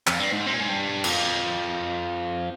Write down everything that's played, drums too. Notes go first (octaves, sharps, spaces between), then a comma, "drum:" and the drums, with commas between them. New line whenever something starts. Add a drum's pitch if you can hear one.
F2, drum: clap
G2
G#2
C3
A#2
G#2
G2
F2, drum: cymbal